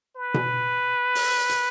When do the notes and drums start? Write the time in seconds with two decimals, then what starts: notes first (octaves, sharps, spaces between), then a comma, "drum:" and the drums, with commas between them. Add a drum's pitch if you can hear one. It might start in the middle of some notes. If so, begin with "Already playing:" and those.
0.16 B4
0.34 drum: tom B2
1.15 drum: open hi-hat
1.49 drum: hi-hat